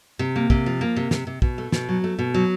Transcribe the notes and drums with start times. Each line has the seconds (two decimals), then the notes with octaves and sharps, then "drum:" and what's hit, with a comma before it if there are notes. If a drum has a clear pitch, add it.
0.19 C3
0.36 A#3
0.50 C3, drum: kick
0.66 F3
0.81 A#3
0.96 C3
1.11 C3, drum: snare
1.27 C3
1.42 B2, drum: kick
1.58 A3
1.72 B2, drum: snare
1.89 F#3
2.04 A3
2.19 B2
2.34 F#3